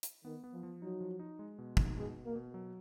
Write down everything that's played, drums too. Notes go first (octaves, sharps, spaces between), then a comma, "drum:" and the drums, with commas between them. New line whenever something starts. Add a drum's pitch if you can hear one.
drum: hi-hat
D#3 B3
B3
F3
F3
F#3 D#4
F3
D#4
G#3
B2
D#4, drum: kick
B2 G#3
B2
A#3
B2
F#3